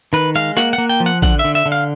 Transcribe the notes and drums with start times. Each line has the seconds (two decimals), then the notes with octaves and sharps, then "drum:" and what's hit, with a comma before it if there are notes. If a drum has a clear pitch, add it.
0.13 D#3 B4
0.35 G#3 F5
0.57 A#3 F#5, drum: snare
0.73 F#5
0.78 A#3
0.89 G5
1.00 F3
1.06 F#5
1.22 D3 F#5, drum: kick A1
1.39 E5
1.45 D3
1.55 E5
1.66 D3
1.72 F5